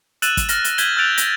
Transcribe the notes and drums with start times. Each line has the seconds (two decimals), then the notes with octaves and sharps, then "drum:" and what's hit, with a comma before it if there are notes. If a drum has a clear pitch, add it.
0.22 E6 F#6 A6 D#7 E7 F#7, drum: hi-hat
0.37 drum: kick, hi-hat
0.49 F6 A#6 F#7, drum: hi-hat
0.64 drum: hi-hat
0.78 G6 G#6 B6 D#7 F#7 G7, drum: hi-hat
0.97 E6 F#6 G6 A6 D7 F7
1.18 A#6, drum: hi-hat